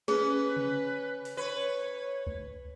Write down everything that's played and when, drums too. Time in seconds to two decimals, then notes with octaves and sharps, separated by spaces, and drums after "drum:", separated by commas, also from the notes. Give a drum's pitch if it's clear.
0.08 C#4 G#4 B4, drum: snare
0.57 drum: tom C3
1.25 drum: open hi-hat
1.37 B4 C#5
2.27 drum: kick C#2